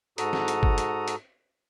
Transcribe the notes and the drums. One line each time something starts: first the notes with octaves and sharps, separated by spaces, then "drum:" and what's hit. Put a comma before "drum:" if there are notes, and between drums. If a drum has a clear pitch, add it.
G#2 F#4 A4 A#5 D#6, drum: hi-hat
drum: snare
drum: hi-hat
drum: kick G1
drum: hi-hat
drum: hi-hat